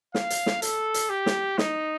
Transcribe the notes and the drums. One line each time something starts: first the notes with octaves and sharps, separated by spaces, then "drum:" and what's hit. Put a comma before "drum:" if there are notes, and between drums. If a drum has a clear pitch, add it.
F5, drum: snare
drum: hi-hat
drum: snare
A4, drum: hi-hat
drum: hi-hat
G4
drum: snare
D#4, drum: snare